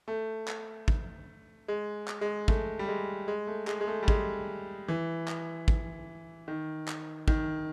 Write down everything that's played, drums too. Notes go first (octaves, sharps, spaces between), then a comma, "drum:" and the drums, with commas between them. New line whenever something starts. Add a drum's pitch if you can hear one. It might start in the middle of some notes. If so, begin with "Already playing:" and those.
A3
drum: clap
drum: kick
G#3
drum: clap
G#3
A3, drum: kick
G3
G#3
G#3
A3
G#3, drum: clap
G#3
A3
G3
G#3, drum: kick
E3
drum: clap
drum: kick
D#3
drum: clap
D#3, drum: kick